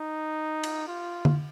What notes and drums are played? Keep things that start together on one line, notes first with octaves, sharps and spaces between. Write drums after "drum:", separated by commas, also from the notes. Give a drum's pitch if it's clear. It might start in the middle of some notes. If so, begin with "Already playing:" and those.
Already playing: D#4
drum: cymbal
F4
drum: tom D3